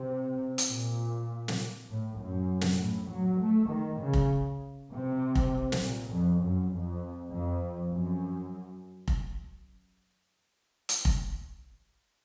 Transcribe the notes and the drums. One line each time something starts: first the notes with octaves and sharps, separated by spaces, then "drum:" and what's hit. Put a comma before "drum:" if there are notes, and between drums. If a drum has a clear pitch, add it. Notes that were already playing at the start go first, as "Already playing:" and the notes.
Already playing: C3
drum: hi-hat
A#2
drum: snare
A2
F#2
drum: snare
A2
F#3
A3
D#3
C#3
drum: kick F1
C3
drum: kick F1
drum: snare
A#2
F2
F#2
F2
F2
F#2
drum: kick F1
drum: hi-hat
drum: kick F1